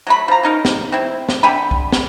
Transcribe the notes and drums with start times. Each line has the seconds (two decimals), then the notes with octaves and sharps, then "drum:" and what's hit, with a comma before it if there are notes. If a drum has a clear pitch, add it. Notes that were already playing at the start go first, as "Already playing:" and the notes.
0.07 F#3 A3 B5
0.28 F3 A#5
0.43 C#4 D#4 A#4
0.65 drum: snare
0.92 C4 E4
1.29 drum: snare
1.43 D3 G4 G#5 B5
1.71 drum: kick
1.92 drum: snare